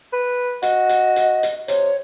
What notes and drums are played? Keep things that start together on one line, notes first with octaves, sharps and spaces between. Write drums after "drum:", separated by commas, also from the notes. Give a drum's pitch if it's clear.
B4
F#4 D#5, drum: hi-hat
drum: hi-hat
drum: hi-hat
drum: hi-hat
C3 C#5, drum: hi-hat